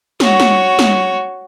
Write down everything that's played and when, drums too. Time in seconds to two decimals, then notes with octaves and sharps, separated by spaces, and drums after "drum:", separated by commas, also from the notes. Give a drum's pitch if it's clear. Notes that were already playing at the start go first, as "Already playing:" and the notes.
0.20 F#4 C#5, drum: snare
0.40 drum: snare
0.79 drum: snare